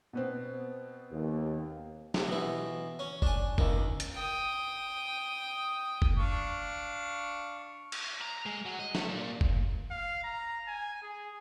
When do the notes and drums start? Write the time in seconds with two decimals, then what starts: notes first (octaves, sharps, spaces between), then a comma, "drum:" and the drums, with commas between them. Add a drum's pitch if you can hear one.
0.13 B2 B3 C4
1.12 D#2
2.14 F2 C3, drum: snare
2.28 B2 E3
2.99 C#4
3.22 D4 G#5, drum: kick
3.58 C#2 D#3, drum: kick
4.00 drum: hi-hat
4.14 G5 D#6
6.02 drum: kick
6.17 D4 F5 C#6
7.92 drum: cymbal
8.21 A#5
8.46 G#3
8.66 F#3
8.80 D#5
8.95 A3, drum: snare
9.09 A#2
9.41 drum: kick
9.91 F5
10.23 A#5
10.67 G#5
11.03 G#4